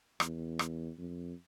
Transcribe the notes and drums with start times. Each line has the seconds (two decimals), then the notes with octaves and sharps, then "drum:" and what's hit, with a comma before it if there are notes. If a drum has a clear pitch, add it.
0.20 E2, drum: rim click
0.59 drum: rim click
0.98 F2